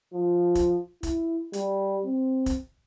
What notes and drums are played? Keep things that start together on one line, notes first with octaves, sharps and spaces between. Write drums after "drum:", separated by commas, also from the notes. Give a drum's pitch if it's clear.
F3
drum: kick, hi-hat
E4, drum: kick, hi-hat
G3, drum: hi-hat
C4
drum: kick, hi-hat